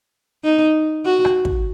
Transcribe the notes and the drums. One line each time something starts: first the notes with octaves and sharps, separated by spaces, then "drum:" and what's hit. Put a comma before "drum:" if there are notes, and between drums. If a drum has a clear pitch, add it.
D#4
F#4
drum: rim click
drum: kick